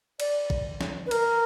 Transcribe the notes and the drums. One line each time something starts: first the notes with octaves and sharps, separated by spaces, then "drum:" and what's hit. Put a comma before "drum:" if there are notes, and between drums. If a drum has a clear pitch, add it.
D5, drum: cymbal
drum: kick
drum: snare
B4
A#4, drum: cymbal